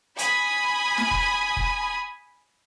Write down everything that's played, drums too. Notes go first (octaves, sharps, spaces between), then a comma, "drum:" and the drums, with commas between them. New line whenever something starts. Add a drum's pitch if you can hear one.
G#5 B5 D#6, drum: hi-hat
drum: snare
drum: kick F1
drum: kick F1